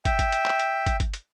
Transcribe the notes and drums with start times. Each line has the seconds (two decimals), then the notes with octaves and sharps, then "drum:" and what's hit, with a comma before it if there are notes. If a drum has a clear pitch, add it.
0.05 E5 G5, drum: kick, hi-hat
0.19 drum: kick, hi-hat
0.32 drum: hi-hat
0.46 drum: clap
0.59 drum: hi-hat
0.86 drum: kick, hi-hat
1.00 drum: kick, hi-hat
1.14 drum: hi-hat